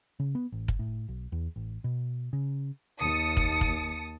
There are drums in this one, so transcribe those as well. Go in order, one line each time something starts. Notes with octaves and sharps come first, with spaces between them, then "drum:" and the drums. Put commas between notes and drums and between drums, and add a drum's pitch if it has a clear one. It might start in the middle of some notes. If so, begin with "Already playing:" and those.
C#3
B3
A1
drum: kick
A2
B1
E2
A1
B2
C#3
D#2 A5 D#6 C#7
drum: kick
drum: kick